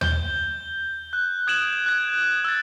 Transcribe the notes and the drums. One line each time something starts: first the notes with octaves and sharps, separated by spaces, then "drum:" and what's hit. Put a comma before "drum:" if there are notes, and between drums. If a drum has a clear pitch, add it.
G6 G7, drum: tom D#2
F#6
D#6 G#6 D7 E7 F#7
F#6 G#6
D#6 F#7
E6 F#6 A6